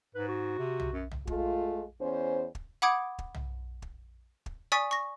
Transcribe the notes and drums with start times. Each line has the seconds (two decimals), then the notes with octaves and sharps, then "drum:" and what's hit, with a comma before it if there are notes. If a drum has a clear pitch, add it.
0.15 G#2 B4
0.28 F#4
0.58 C3
0.80 drum: tom
0.93 F#2
1.11 drum: tom
1.27 G#3 A3 F4, drum: kick
2.00 E2 C#4 C5
2.55 drum: kick
2.82 F#5 B5 D6 D#6 G#6 D7
3.19 drum: kick
3.34 drum: tom
3.82 drum: kick
4.46 drum: kick
4.72 D5 G#5 C#6 D#6 A6 B6
4.91 C#6 A#6